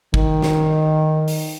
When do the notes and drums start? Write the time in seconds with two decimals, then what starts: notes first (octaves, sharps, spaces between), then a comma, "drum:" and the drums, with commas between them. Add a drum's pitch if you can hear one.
0.14 D#3, drum: kick
0.42 drum: snare
1.28 drum: open hi-hat